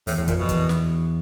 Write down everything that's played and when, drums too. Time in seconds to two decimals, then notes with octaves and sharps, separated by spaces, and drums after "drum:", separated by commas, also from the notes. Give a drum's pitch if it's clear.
0.07 E2 A2, drum: open hi-hat
0.17 E2 A2
0.28 F2 A#2, drum: kick, hi-hat
0.39 B2
0.49 E2, drum: kick, hi-hat
0.69 drum: snare